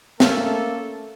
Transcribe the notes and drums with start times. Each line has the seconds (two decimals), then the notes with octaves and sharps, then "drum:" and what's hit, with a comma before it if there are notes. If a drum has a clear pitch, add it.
0.20 A3 A#3 C#4 A4, drum: snare